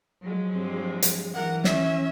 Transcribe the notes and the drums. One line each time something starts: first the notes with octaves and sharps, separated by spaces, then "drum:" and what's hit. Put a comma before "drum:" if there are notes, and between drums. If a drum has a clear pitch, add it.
F3 F#3 G#3
G2 C4
drum: hi-hat
E3 A#4 F#5
C#4 E5, drum: snare